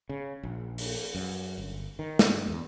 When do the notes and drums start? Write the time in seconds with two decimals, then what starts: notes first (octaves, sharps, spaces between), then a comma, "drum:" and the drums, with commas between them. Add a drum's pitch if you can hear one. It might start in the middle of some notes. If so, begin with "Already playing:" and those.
0.09 C#3
0.43 A#1
0.78 drum: open hi-hat
1.15 F#2
1.58 G1
1.99 D#3
2.19 G2, drum: snare
2.48 E2